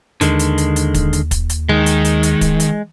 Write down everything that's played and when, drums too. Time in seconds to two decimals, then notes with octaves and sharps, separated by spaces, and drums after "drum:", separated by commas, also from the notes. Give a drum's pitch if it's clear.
0.21 D#2 D3 D#3 G#3, drum: hi-hat
0.39 drum: hi-hat
0.58 drum: hi-hat
0.76 drum: hi-hat
0.94 drum: kick, hi-hat
1.13 drum: hi-hat
1.31 drum: kick, hi-hat
1.49 drum: hi-hat
1.69 D#3 G#3
1.86 drum: hi-hat
2.05 drum: hi-hat
2.23 drum: hi-hat
2.41 drum: kick, hi-hat
2.60 drum: hi-hat